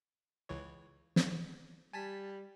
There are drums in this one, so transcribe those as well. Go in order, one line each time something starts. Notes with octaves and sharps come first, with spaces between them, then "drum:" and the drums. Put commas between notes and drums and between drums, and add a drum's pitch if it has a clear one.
C#2 E3 C#5
drum: snare
G3 G#5 A5 B6